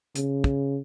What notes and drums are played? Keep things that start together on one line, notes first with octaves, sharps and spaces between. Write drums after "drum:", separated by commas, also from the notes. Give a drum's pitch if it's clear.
C#3, drum: hi-hat
drum: kick